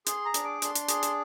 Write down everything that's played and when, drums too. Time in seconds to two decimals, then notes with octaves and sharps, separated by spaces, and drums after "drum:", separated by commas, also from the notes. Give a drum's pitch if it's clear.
0.07 G#4 C6, drum: hi-hat
0.25 A#5
0.34 D4, drum: hi-hat
0.44 D6
0.62 D4 C6, drum: hi-hat
0.75 drum: hi-hat
0.89 G#4, drum: hi-hat
1.03 drum: hi-hat